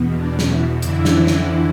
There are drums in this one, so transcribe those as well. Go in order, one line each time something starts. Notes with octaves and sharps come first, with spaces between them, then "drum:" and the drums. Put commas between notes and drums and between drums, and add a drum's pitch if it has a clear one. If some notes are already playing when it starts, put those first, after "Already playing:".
Already playing: E2 B2
D4
drum: snare
E3 E4
F2 D3 E3 E4, drum: hi-hat
drum: snare
drum: snare